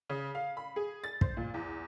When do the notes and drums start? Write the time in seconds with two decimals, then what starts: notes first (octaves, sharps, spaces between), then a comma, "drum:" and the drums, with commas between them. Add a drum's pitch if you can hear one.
0.10 C#3
0.35 F5
0.57 B5
0.76 G#4
1.04 A6
1.21 C5, drum: kick
1.37 A#2
1.54 E2